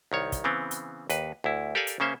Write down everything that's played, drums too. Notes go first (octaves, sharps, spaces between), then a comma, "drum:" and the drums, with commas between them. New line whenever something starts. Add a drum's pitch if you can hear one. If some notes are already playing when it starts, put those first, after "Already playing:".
C2 D#3 C#5
drum: kick, hi-hat
C#3 E3 B3 C4
drum: hi-hat
D#2 B4, drum: hi-hat
D2 E4
G4 A4 A#4 D5 F5 G#5
drum: hi-hat
C#3 A#3 C#4 C5 E5